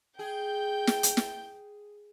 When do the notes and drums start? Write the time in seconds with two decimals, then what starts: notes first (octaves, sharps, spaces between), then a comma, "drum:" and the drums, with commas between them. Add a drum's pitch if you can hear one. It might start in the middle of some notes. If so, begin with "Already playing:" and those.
0.19 G#4 G5 G6
0.87 drum: snare
1.03 drum: hi-hat
1.17 drum: snare